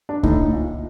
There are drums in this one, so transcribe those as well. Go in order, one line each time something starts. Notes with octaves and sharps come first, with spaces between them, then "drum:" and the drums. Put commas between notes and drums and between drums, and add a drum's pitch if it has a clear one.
D4
A2 D#4, drum: kick C#2
A#2